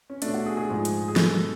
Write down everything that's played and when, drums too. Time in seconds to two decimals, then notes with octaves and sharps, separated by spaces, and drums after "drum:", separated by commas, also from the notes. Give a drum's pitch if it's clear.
0.10 C#4
0.22 B2 A3 D4, drum: hi-hat
0.34 F#4
0.46 G#4
0.57 G#4
0.69 G#2 F3 G#3
0.85 drum: hi-hat
1.08 G#4
1.16 B2 G#3 A4, drum: snare